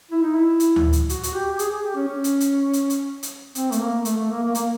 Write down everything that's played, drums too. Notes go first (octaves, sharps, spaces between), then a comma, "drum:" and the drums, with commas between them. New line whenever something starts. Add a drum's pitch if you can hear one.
E4
D#4
E4
drum: hi-hat
drum: tom D2
drum: hi-hat
F#4, drum: hi-hat
F#4, drum: hi-hat
G4
G4
G#4, drum: hi-hat
G#4
G4
C#4
C#4
drum: hi-hat
drum: hi-hat
drum: hi-hat
drum: hi-hat
drum: hi-hat
C4, drum: hi-hat
A3, drum: hi-hat
A#3
A3, drum: hi-hat
A3
A#3
A#3
A#3, drum: hi-hat